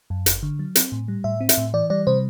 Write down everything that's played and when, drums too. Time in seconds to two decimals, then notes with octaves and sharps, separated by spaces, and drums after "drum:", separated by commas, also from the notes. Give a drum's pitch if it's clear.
0.10 F#2
0.26 G1, drum: hi-hat
0.43 D3
0.59 F#3
0.75 C4, drum: hi-hat
0.92 A2
1.08 G3
1.24 A2 E5
1.41 C4
1.49 E5, drum: hi-hat
1.57 A2
1.74 E3 D5
1.90 G3 D5
2.07 C3 C5